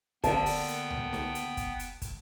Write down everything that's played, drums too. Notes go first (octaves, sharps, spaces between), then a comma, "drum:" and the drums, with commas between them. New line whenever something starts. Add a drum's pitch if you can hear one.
D3 A#3 B3 G5 A5, drum: kick, hi-hat
drum: open hi-hat
drum: hi-hat
drum: tom C2
drum: snare
drum: hi-hat
drum: kick, hi-hat
drum: hi-hat
drum: kick, hi-hat